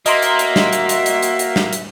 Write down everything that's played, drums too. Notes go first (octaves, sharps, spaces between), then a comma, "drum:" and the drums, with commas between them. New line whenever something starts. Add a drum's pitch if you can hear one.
A#3 F#4 D#5 E5 A#5 C6, drum: hi-hat
drum: hi-hat
drum: hi-hat
drum: snare
drum: hi-hat
drum: hi-hat
drum: hi-hat
drum: hi-hat
drum: hi-hat
drum: snare
drum: hi-hat